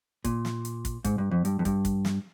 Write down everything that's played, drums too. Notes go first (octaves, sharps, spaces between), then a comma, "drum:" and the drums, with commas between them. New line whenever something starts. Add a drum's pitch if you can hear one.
A#2, drum: kick, hi-hat
drum: snare
drum: hi-hat
drum: kick, hi-hat
G#2, drum: kick, hi-hat
G2
F2
G2, drum: hi-hat
F2
G2, drum: kick, hi-hat
drum: kick, hi-hat
drum: snare